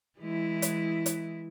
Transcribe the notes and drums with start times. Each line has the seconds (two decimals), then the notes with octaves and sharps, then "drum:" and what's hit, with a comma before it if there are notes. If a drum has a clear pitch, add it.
0.19 E3 G#3 E4
0.62 drum: hi-hat
1.06 drum: hi-hat